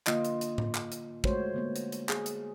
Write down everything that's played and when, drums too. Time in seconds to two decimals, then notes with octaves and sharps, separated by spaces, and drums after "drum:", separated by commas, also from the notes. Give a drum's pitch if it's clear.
0.07 D3 A#3 F4 D#5, drum: clap
0.25 drum: hi-hat
0.41 drum: hi-hat
0.58 drum: tom A2
0.75 drum: clap
0.92 drum: hi-hat
1.24 G#3 A3 F#4 C5 C#5, drum: kick
1.54 D3 A#3 B3
1.76 drum: hi-hat
1.92 drum: hi-hat
2.09 G#4, drum: clap
2.26 drum: hi-hat